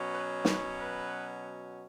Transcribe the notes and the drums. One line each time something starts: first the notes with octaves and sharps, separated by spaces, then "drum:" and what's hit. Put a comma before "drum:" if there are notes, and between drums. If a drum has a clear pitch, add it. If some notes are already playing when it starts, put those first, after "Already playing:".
Already playing: B2 F#3 C#4
B4
B4, drum: snare
B4